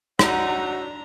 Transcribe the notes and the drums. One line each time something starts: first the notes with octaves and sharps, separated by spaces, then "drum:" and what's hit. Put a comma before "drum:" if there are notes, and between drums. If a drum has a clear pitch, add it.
D4 D#4 F#4 C#5 F#5 A#5 E6, drum: rim click